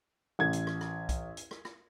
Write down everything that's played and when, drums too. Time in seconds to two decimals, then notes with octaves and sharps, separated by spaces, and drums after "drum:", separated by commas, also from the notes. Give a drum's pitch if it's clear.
0.39 A1 G#6
0.53 drum: hi-hat
0.67 drum: rim click
0.81 drum: rim click
1.09 drum: kick B1, hi-hat
1.37 drum: hi-hat
1.51 drum: rim click
1.65 drum: rim click